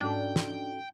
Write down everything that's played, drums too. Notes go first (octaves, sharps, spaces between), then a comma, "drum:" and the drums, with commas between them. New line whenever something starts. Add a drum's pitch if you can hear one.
G#2 C#4 D4 F#4 A4 G5
drum: snare